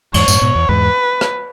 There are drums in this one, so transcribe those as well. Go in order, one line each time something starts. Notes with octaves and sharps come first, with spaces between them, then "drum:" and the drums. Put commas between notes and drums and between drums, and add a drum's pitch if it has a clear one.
E2 G#2 C#5, drum: cymbal
F#2 A2, drum: tambourine
G#2 B2
E2
E2 G#2 B4
drum: rim click